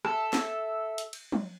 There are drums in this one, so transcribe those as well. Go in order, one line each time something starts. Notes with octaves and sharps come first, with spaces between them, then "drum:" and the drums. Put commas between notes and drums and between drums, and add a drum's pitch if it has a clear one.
A4 E5, drum: rim click
drum: snare
drum: hi-hat
drum: cymbal
drum: tom